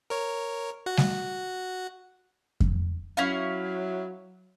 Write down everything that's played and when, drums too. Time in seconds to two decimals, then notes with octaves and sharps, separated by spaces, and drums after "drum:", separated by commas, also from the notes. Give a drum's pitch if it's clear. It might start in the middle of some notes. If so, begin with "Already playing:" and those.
0.10 A#4 C#5
0.86 F#4 F#5
0.97 drum: snare G3
2.60 drum: kick F2
3.17 F#3 C#4 E4 F5